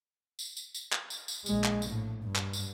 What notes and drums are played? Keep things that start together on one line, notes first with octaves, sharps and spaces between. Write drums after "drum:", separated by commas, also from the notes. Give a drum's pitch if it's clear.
drum: tambourine
drum: tambourine
drum: tambourine
drum: clap
drum: tambourine
drum: tambourine
A#1 G#3, drum: tambourine
drum: clap
drum: tambourine
A2
G2
drum: clap
drum: tambourine